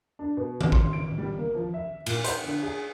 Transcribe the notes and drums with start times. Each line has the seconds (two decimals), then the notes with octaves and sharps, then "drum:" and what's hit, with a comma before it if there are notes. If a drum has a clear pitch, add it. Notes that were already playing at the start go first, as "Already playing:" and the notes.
0.19 D4
0.37 B2
0.61 drum: tom D#3
0.72 C6, drum: kick
0.93 D7
1.18 G3
1.37 A#3
1.55 F3
1.74 E5
2.06 A#2, drum: cymbal
2.24 C5, drum: hi-hat
2.44 D3
2.63 G#4